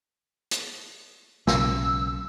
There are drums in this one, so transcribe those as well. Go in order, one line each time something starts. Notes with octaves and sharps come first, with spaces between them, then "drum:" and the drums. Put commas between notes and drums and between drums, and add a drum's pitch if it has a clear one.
drum: hi-hat
B1 C#3 E6, drum: snare